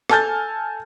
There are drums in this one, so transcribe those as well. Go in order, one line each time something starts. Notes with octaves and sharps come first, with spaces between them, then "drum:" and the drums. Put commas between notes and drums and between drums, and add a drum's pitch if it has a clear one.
A4 G#5 A5 F6 G6 A6, drum: rim click